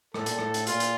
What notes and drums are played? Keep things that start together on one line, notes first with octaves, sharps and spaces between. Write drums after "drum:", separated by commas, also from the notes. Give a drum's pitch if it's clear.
A2 A4, drum: rim click
A#2, drum: hi-hat
A2, drum: rim click
drum: hi-hat
A#2 F4, drum: hi-hat
drum: hi-hat